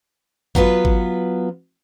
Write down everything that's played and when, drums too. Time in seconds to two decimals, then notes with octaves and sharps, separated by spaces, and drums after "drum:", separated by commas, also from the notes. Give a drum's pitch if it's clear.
0.55 F#3 B3 F4 B4, drum: kick G#1
0.85 drum: kick G#1